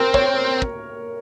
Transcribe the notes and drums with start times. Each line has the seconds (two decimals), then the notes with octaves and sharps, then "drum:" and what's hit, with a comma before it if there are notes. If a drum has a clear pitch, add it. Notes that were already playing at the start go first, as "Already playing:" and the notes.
Already playing: C4 A#4
0.14 C#5, drum: kick
0.62 drum: kick